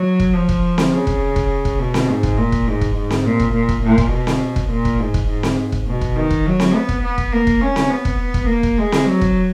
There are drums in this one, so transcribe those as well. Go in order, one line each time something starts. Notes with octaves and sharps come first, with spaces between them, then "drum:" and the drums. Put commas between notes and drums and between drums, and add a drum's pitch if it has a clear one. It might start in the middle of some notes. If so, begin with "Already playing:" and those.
Already playing: F#3
drum: kick F1
F3
drum: kick F1
drum: snare C4
C#3
drum: kick F1
drum: kick F1
drum: kick F1
B2
drum: snare C4
G#2
drum: kick F1
A#2
drum: kick F1
G#2
drum: kick F1
G#2
drum: snare C4
A#2
drum: kick F1
A#2
drum: kick F1
A#2
drum: kick F1
B2
drum: snare C4
drum: kick F1
A#2
drum: kick F1
G#2
drum: kick F1
G#2
drum: snare C4
drum: kick F1
B2
drum: kick F1
D#3
drum: kick F1
F#3
drum: snare C4
B3
drum: kick F1
B3
drum: kick F1
A#3
drum: kick F1
C#4
drum: snare C4
B3
drum: kick F1
drum: kick F1
A#3
drum: kick F1
G#3
drum: snare C4
F#3
drum: kick F1